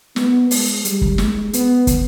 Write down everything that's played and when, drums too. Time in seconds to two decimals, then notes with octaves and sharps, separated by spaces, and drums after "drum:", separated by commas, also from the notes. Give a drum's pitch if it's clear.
0.16 B3, drum: snare
0.51 G#3, drum: open hi-hat
0.85 G3, drum: hi-hat
1.01 drum: kick
1.18 G#3, drum: snare
1.53 B3, drum: hi-hat
1.87 drum: kick, hi-hat